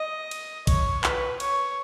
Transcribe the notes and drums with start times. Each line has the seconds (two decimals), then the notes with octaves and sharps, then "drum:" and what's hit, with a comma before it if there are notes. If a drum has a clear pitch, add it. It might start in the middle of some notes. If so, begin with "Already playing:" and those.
Already playing: D#5
0.31 drum: cymbal
0.67 C#5, drum: kick A1, cymbal
1.04 B4, drum: clap
1.40 C#5, drum: cymbal